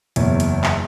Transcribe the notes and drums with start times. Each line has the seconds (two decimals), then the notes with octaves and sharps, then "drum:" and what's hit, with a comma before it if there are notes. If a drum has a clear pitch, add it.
0.16 F#1 E2 C#5, drum: hi-hat
0.40 drum: hi-hat
0.64 drum: clap